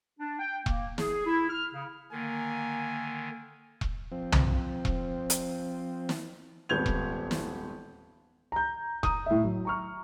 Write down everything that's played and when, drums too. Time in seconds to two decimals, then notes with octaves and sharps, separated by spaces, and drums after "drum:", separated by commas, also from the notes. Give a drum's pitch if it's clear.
0.20 D4
0.39 G5
0.66 A#3, drum: kick E1
0.98 G#4, drum: snare
1.26 E4
1.49 F6
1.73 C#3
2.12 D3 D#3 A#3 G#5
3.81 drum: kick E1
4.12 F3 C4
4.32 drum: tom
4.85 drum: kick E1
5.30 drum: hi-hat
6.09 drum: snare
6.69 D#1 G#1 B3 G6 G#6 F7
6.86 drum: kick E1
7.31 drum: snare
8.52 A#5 G6
9.03 A#5 D#6, drum: kick E1
9.26 A2 E5
9.44 F#3
9.65 A#5 C#6 F6